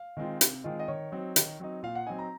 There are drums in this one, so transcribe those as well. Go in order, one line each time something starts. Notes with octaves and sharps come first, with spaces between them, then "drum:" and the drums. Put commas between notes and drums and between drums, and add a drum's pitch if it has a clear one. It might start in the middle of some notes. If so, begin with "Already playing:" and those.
Already playing: F5
D#3 G#3 C4 F4
C3, drum: hi-hat
D#3 G#3 C4 F4
D#5
D#3 C#5
F#3 C4 D#4
D#3, drum: hi-hat
F#3 C4 D#4
A#2 F5
F#5
F#3 C4 D#4 G#5
A#5